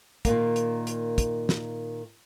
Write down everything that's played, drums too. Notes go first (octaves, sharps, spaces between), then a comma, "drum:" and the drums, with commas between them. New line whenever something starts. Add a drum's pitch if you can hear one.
A#2 D#3 A#3, drum: kick, hi-hat
drum: hi-hat
drum: hi-hat
drum: kick, hi-hat
drum: snare